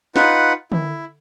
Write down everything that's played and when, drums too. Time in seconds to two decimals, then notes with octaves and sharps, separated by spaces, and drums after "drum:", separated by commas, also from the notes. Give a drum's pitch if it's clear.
0.16 D#4 F4 B4 F#5, drum: snare
0.72 E4, drum: tom D3